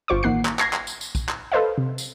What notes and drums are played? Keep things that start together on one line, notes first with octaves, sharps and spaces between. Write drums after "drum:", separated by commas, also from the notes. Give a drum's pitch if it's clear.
G1 F4 C5 C#6 D6
A1 D#3 A#3 F#5 C7
drum: clap
G#6 A#6 C7, drum: clap
drum: clap
drum: tambourine
drum: tambourine
drum: kick, tambourine
drum: clap
A4 B4 C5 D#5 F5
C3
drum: tambourine